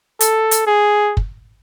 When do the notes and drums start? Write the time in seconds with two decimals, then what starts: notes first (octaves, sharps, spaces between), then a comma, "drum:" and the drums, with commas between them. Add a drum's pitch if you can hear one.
0.21 A4, drum: hi-hat
0.51 drum: hi-hat
0.67 G#4
1.17 drum: kick